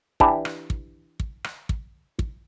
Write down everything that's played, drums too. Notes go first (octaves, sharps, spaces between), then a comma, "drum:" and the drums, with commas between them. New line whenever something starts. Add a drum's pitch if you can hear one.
E3 D4 G4, drum: kick
drum: rim click
drum: kick
drum: kick
drum: rim click
drum: kick
drum: kick